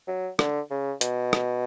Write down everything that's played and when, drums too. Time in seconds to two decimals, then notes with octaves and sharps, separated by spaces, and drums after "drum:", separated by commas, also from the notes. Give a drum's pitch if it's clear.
0.08 F#3
0.39 D3, drum: rim click
0.71 C#3
1.01 B2, drum: hi-hat
1.33 drum: rim click